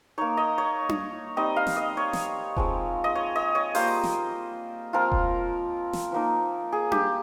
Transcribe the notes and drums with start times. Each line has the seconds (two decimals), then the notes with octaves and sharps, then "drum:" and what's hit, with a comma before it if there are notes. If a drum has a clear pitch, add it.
0.18 A#3 D#4 C#5
0.37 D#5
0.58 C#5
0.89 drum: tom D4
1.37 G3 C4 D#4 D#5
1.56 F5
1.67 drum: snare
1.76 D#5
1.97 C#5
2.13 drum: snare
2.57 F3 G#3 C4, drum: kick E1
3.04 D#5
3.15 C#5
3.36 D#5
3.55 C#5
3.75 G3 A#3 F4 C5, drum: open hi-hat
4.04 drum: snare
4.93 F3 C4 F4 A#4
5.12 drum: kick E1
5.93 drum: snare
6.12 F3 A#3 D#4
6.72 G#4
6.92 G4, drum: tom D4